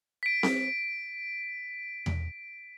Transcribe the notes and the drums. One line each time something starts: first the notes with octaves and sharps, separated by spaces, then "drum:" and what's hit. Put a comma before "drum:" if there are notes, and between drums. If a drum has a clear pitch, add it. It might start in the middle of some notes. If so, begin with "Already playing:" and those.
B6 D7
drum: snare C4
drum: tom E2